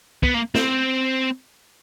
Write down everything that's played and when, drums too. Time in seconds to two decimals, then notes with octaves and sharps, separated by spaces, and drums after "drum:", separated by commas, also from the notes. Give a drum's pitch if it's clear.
0.23 B3, drum: kick
0.34 A#3
0.55 C4, drum: snare